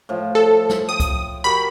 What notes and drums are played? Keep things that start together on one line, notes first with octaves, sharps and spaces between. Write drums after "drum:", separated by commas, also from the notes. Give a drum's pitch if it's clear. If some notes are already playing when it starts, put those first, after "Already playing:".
A2 F3
A4
drum: snare
G5 D#6
drum: kick C#2, hi-hat
F#4 G4 A#4 B5